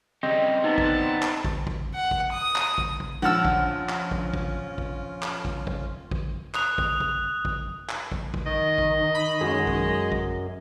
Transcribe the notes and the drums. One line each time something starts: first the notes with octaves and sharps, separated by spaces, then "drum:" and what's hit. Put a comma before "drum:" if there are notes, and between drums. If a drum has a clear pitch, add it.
C#3 G3 C4 D#5
B3 D4 D#4 A5
drum: kick
drum: clap
drum: kick
drum: kick
F#5
drum: kick
D#6
drum: clap
drum: kick
drum: kick
A#1 C#4 F4 F#5 A5 E6 F6
drum: kick
drum: clap
drum: kick
drum: kick
drum: kick
drum: clap
drum: kick
drum: kick
drum: kick
D#6 F#6 F7, drum: clap
drum: kick
drum: kick
drum: kick
drum: clap
drum: kick
drum: kick
D#3 D#5
drum: kick
B5
F#2 G#3
drum: kick
drum: kick